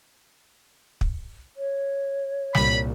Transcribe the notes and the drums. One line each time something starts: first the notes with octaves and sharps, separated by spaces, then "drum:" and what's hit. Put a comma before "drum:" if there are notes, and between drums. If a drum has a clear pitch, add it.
drum: kick
C#5
C2 A#2 B5, drum: snare